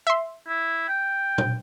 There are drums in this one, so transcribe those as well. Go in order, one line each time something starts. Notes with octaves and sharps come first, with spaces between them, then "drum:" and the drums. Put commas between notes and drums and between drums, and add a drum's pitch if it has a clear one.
E5 C6
E4
G5
drum: tom A#2